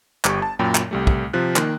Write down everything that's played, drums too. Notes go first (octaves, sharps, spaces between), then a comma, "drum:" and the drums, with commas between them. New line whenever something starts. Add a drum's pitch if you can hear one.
G1 G4 C#6, drum: clap
A5
F#2 A#2 F#3 G5 B5
drum: clap
C2 G3 A3
drum: kick
C3 F3 F4 F#6
D#3 A#3, drum: clap